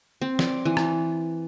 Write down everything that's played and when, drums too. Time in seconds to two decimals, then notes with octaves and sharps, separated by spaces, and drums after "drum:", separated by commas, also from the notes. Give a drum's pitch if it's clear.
0.22 C4
0.39 D5, drum: snare
0.65 E3
0.77 drum: rim click